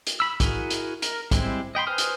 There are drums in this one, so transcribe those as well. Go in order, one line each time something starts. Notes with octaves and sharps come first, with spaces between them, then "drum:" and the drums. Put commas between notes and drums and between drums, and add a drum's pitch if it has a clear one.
drum: hi-hat
B5 E6
E4 F#4 G#4 A#4, drum: kick, hi-hat
drum: hi-hat
A#4, drum: hi-hat
G3 G#3 C4 E4, drum: kick, hi-hat
D#5 G5 B5 C6
B4 C5 G#5 D#6 F6
drum: hi-hat